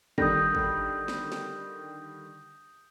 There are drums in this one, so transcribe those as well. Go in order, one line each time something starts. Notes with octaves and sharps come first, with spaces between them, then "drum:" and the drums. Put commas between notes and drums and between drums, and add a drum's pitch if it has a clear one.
D3 D#3 G3 D#6 G6 A#6, drum: kick
drum: kick
drum: snare
drum: snare